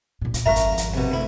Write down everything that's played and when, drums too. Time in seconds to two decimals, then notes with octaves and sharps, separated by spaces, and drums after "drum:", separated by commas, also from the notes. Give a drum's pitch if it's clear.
0.21 A#1 A#2
0.34 A#2, drum: hi-hat
0.46 G#1 F2 A#4 E5 F5 A5 A#5 C#6
0.56 drum: hi-hat
0.78 drum: hi-hat
0.94 C2 B2
1.12 D2 E4